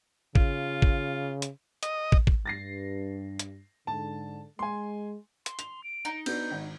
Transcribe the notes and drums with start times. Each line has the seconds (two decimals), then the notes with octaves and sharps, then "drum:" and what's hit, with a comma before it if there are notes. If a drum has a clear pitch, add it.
0.35 C#3 F4, drum: kick
0.82 drum: kick
1.42 drum: hi-hat
1.83 D#5, drum: hi-hat
2.12 drum: kick
2.27 drum: kick
2.46 G2 A6 A#6 C7
3.39 drum: hi-hat
3.87 G#2 D3 A5
4.59 G#3 G#5 C6
5.46 C6, drum: hi-hat
5.59 F7, drum: hi-hat
5.84 D7
6.05 D#4
6.26 B3 D4 F#4 G6, drum: cymbal
6.51 G#1